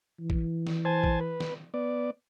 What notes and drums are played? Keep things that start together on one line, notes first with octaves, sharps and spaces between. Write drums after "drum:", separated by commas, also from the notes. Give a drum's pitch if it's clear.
E3
drum: kick
drum: snare
C5 G#5 A5
drum: kick
B4
drum: snare
B3 D5